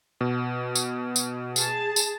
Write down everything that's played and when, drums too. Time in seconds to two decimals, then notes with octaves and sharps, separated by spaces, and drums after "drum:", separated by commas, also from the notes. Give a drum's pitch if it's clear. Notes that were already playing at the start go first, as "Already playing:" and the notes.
0.21 B2
0.75 drum: tambourine
1.16 drum: tambourine
1.56 G#4 A5, drum: tambourine
1.96 drum: tambourine